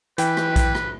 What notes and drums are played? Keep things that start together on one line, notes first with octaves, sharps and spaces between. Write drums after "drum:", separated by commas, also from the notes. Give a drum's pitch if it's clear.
E3 B4 G5, drum: hi-hat
drum: rim click
drum: kick A#1, hi-hat
drum: rim click